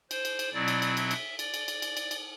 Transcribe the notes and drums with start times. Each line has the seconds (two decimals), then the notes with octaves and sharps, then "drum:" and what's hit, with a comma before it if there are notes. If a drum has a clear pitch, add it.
0.11 C5, drum: cymbal
0.25 drum: cymbal
0.39 drum: cymbal
0.53 B2 F#3 C4 E4 D5
0.68 drum: cymbal
0.82 drum: cymbal
0.97 E5, drum: cymbal
1.11 drum: cymbal
1.39 D5, drum: cymbal
1.54 drum: cymbal
1.68 drum: cymbal
1.82 drum: cymbal
1.97 drum: cymbal
2.11 drum: cymbal